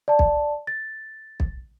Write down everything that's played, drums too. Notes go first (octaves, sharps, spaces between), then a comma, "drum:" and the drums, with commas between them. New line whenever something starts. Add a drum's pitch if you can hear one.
D5 A5
drum: kick B1
A6
drum: kick B1